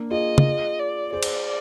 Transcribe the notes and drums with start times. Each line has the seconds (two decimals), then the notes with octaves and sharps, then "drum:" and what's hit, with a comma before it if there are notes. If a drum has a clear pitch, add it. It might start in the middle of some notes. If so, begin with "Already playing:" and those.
Already playing: A#3 D4
0.11 F4 G#4 D#5
0.38 drum: tom
0.79 D5
1.13 G#4 C5 D5
1.23 drum: cymbal